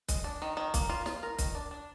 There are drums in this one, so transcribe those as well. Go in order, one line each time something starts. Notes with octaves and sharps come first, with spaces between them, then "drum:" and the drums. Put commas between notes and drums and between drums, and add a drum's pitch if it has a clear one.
G#3, drum: kick, hi-hat
D4
D#3
D#3
A#3, drum: kick, hi-hat
F4
F4, drum: snare
A#4
D#3, drum: kick, hi-hat
D4
D4